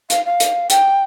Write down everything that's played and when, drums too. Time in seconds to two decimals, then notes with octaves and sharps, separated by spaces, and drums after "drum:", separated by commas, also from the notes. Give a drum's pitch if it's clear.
0.10 F5, drum: hi-hat
0.25 F5
0.40 drum: hi-hat
0.70 G5, drum: hi-hat